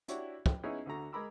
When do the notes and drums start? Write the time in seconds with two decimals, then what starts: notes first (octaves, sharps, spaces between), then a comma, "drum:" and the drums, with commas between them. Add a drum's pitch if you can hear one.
0.08 D4 E4 F#4 G4 C#5, drum: hi-hat
0.46 G5, drum: kick
0.63 B3 C#4 D#4 E4 G#4
0.86 D2 D3 F#4 A#5
1.12 G#3 A#4 A#5 B5 D6 E6